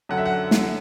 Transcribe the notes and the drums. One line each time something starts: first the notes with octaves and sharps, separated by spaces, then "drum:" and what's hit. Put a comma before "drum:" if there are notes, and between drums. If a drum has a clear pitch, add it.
F#2 D3 F#5
E5
F#5
drum: snare